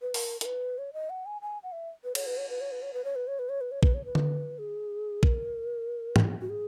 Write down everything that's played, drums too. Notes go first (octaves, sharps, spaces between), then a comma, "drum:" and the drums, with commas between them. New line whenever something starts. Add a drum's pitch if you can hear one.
B4
A#4, drum: open hi-hat
A#4, drum: hi-hat
B4
C#5
D#5
F#5
G#5
G#5
F#5
E5
B4
C#5, drum: cymbal
B4
C#5
B4
C#5
B4
C#5
B4
C#5
B4
C#5
B4
C#5
B4
C#5
B4, drum: kick
C#5
B4
drum: tom D3
G#4
A#4, drum: kick
drum: tom
F#4
G#4